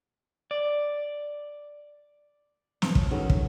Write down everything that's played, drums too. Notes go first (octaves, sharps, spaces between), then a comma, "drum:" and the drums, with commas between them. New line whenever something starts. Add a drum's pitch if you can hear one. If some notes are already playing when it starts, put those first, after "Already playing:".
D5
B2 F3, drum: snare
F3 F#3, drum: kick
D#3 E3 C#4 F#4 G#4 A4
F#3, drum: kick